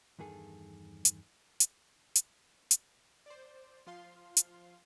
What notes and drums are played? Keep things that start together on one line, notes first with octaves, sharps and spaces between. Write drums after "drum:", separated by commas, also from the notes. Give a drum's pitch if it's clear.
E2 G2 D#3 G#4 A4
drum: hi-hat
drum: hi-hat
drum: hi-hat
drum: hi-hat
C5 D5
F3 F4 F5 C6
drum: hi-hat